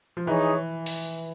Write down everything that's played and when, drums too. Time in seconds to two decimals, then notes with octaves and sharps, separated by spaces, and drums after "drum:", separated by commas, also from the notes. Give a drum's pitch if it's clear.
0.17 F3
0.27 E3 D#4 G#4 C#5
0.86 drum: open hi-hat